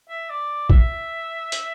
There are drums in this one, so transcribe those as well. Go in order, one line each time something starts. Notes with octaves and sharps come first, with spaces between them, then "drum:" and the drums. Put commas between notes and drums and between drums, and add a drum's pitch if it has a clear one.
E5
D5
E5, drum: kick
drum: hi-hat